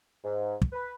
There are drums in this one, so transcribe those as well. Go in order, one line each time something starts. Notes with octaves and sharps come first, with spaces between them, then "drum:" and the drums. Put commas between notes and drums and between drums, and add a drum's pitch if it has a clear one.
G#2
drum: kick
B4